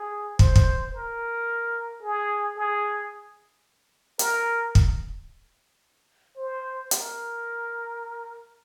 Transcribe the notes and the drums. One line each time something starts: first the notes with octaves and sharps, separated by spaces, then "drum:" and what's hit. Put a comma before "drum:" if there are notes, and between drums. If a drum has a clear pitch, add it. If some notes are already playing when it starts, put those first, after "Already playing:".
Already playing: G#4
C5, drum: kick
drum: kick
A#4
G#4
G#4
A#4, drum: hi-hat
drum: kick
C5
A#4, drum: hi-hat